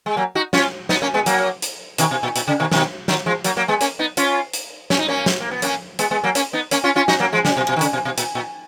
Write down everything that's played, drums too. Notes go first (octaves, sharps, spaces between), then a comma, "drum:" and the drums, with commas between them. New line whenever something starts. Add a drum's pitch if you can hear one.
G#3
F#3 A#3
D#4 F#4
C#4 F4, drum: snare
B3 D#4, drum: snare
A#3 C#4
G#3 B3
F#3 A#3, drum: hi-hat
drum: hi-hat
B2 D#3, drum: hi-hat
B2
A#2
A#2, drum: hi-hat
C#3
B2 D#3
B2 D#3, drum: snare
D#3 F#3, drum: snare
F3 G#3
F#3 A#3, drum: hi-hat
F#3 A#3
G#3 B3
A#3 C#4, drum: hi-hat
B3 D#4
C#4 F4, drum: hi-hat
drum: hi-hat
C#4, drum: snare
D#4
A#3 C#4
drum: snare
A#3
B3
A#3 C#4, drum: hi-hat
G#3 B3, drum: hi-hat
G#3 B3
F#3 A#3
A#3 C#4, drum: hi-hat
B3 D#4
A#3 C#4, drum: hi-hat
C#4 F4
C#4 F4
D#4 F#4, drum: snare
F#3 A#3
F3 G#3
C#3, drum: snare
B2
B2
D#3
C#3, drum: hi-hat
B2
B2
A#2, drum: hi-hat
A#2